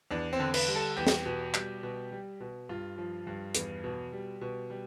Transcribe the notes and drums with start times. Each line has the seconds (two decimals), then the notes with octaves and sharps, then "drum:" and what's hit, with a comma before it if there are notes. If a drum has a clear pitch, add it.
0.11 E2 D4
0.33 C4
0.40 D3
0.54 B4, drum: cymbal
0.68 G3
0.76 A4
0.97 E2 G4
1.07 drum: snare
1.26 B2
1.54 G3, drum: clap
1.83 B2
2.12 G3
2.40 B2
2.69 G2 F4
2.98 F3
3.27 G2
3.55 E2, drum: hi-hat
3.84 B2
4.13 G3
4.41 B2
4.70 G3